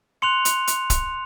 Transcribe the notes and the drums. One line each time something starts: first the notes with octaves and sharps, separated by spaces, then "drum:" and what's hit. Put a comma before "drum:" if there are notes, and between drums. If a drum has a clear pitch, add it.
C6 F#6 C#7 F7
drum: hi-hat
drum: hi-hat
drum: kick, hi-hat